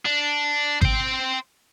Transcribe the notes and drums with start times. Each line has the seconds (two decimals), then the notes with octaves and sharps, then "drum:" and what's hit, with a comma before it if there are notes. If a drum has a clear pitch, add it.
0.06 D4
0.82 C5 G5, drum: kick G#1